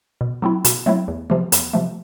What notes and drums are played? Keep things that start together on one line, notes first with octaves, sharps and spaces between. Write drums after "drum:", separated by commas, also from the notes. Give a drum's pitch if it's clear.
B2
F#3 A3 C4 E4
B2, drum: hi-hat
F#3 A3 C4 E4
E2
C3 F3 A3
E2, drum: hi-hat
C3 F3 A3